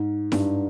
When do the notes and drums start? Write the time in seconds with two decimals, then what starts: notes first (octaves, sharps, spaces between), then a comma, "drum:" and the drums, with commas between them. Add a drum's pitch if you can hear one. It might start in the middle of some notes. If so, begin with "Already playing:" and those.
Already playing: G#2
0.32 G2, drum: snare E4